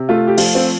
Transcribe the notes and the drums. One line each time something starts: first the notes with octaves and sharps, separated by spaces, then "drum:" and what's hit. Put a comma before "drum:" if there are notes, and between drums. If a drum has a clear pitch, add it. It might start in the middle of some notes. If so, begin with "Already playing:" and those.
Already playing: C3
A3 F4
G4
F3 F4, drum: open hi-hat
C4